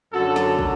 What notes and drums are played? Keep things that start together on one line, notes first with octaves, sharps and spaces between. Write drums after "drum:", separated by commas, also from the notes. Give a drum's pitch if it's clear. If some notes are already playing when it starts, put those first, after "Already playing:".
F#2 D3 F#3 F#4 A4
drum: snare
drum: kick